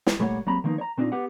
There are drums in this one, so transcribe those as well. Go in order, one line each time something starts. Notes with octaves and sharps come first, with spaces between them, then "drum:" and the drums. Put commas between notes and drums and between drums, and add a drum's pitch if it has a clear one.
drum: snare
A#2 G3 A3 A#3 C#5 F#5
F#3 G3 A#3 C4 A#5 B5
D#3 F3 A#3 B3 D#4
C#5 A#5
A#2 C4 D4 D#4 F4
B3 G4 F#5